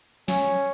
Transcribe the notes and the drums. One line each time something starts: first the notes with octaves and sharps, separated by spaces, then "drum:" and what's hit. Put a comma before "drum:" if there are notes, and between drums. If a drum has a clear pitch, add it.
C#4, drum: snare